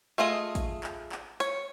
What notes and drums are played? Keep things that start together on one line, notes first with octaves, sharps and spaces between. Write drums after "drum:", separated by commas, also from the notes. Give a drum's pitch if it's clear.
A3 F4 G#4 D#5
drum: kick A1, hi-hat
drum: clap
drum: clap
C#5, drum: hi-hat